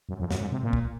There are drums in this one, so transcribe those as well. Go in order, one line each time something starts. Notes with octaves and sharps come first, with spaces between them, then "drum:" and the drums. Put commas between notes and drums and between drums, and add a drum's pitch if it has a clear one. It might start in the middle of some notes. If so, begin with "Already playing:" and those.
F#2
F2
F#2, drum: snare
G#2
C3
A#2
drum: kick